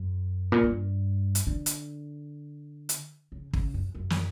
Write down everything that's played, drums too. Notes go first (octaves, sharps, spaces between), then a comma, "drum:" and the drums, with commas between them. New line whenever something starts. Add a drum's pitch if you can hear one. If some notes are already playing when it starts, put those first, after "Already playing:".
Already playing: F#2
A#2
G2
drum: hi-hat
D3
drum: hi-hat
drum: hi-hat
C#3
C#3, drum: kick
F#2
F#2
drum: snare